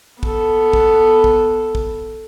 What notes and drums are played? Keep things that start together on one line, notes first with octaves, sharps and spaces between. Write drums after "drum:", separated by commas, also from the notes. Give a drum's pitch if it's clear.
B3 A4, drum: kick
drum: kick
drum: kick
drum: kick